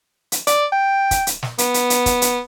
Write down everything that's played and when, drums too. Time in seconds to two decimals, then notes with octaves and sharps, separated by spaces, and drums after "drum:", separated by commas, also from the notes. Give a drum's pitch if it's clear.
0.32 drum: hi-hat
0.47 D5, drum: hi-hat
0.72 G5
1.11 drum: kick, hi-hat
1.27 drum: hi-hat
1.43 drum: snare
1.58 B3, drum: hi-hat
1.74 drum: hi-hat
1.90 drum: hi-hat
2.06 drum: kick, hi-hat
2.22 drum: hi-hat